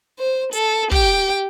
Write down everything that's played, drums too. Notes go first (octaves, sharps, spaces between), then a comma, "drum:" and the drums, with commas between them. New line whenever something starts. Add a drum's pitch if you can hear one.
C5
A4, drum: hi-hat
G4 G5, drum: kick